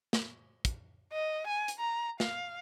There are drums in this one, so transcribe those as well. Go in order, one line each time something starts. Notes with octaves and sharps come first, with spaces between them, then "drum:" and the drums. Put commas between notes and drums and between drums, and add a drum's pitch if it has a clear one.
drum: snare
drum: kick, hi-hat
D#5
G#5
drum: hi-hat
A#5
F5, drum: snare